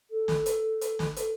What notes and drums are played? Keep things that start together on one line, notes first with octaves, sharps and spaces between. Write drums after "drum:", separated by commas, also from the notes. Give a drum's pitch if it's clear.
A4
drum: snare
drum: hi-hat
drum: hi-hat
drum: snare
A4, drum: hi-hat